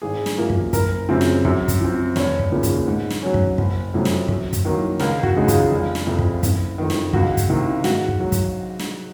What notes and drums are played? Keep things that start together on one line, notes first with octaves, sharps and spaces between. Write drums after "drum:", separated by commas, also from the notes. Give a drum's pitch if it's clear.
G#1 G#4
drum: snare
F#2 F3 A#3
drum: kick
F#1 A#4, drum: kick, hi-hat
F#2 C#3 F3 C4
drum: snare
F#2, drum: kick
drum: kick, hi-hat
F3 C4
F1 C#5, drum: snare
drum: kick
D#2 C#3 F3 A#3
drum: kick, hi-hat
G#2
drum: snare
F#3 C#4
drum: kick
F#1, drum: kick
F2 C3 F#3 C#4
drum: snare
F#2, drum: kick
drum: kick, hi-hat
D#3 F#3 A#3
C#2 A#4, drum: snare
F#4, drum: kick
C#3 G#3 D#4
F4, drum: kick, hi-hat
F1
drum: snare
F2 C3
drum: kick
F#1, drum: kick, hi-hat
F2 D#3
drum: snare
C#2 F#4, drum: kick
drum: kick, hi-hat
C3 D#3
G#2 F#4, drum: snare
drum: kick
F#3
drum: kick, hi-hat
drum: snare